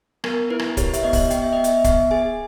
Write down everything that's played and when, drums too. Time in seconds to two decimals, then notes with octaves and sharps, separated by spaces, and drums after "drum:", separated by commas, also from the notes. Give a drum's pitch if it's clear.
0.24 B3 A#4, drum: rim click
0.50 E4 B4
0.59 drum: rim click
0.77 G4 C#5, drum: kick C#1, hi-hat
0.93 E5, drum: hi-hat
1.03 B3 D#5
1.13 drum: kick C#1, open hi-hat
1.31 B3 G5, drum: hi-hat
1.42 E5
1.53 B3 D#5
1.64 E5, drum: hi-hat
1.84 B3 E5, drum: kick C#1, hi-hat
2.11 G#4 G#5